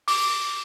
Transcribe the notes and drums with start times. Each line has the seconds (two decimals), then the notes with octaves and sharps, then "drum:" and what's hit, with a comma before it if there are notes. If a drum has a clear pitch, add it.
0.08 D6, drum: open hi-hat